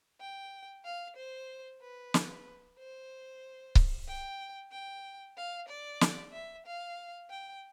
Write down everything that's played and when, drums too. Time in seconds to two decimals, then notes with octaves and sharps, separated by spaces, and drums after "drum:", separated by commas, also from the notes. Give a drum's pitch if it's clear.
0.20 G5
0.85 F5
1.17 C5
1.82 B4
2.14 drum: snare
2.79 C5
3.75 drum: kick C#1
4.07 G5
4.72 G5
5.37 F5
5.69 D5
6.01 drum: snare
6.33 E5
6.66 F5
7.30 G5